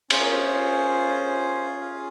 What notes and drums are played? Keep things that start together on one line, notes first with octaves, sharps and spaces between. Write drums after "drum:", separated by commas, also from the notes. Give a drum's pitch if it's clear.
C#4 F4 G#4 C5, drum: cymbal
A#4
C5
F5